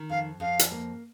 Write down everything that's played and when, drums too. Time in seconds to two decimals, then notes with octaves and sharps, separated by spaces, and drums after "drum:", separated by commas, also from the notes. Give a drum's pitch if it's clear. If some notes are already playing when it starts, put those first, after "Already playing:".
Already playing: D#3
0.09 F2 F5
0.40 F2 F5
0.59 drum: hi-hat
0.71 A#3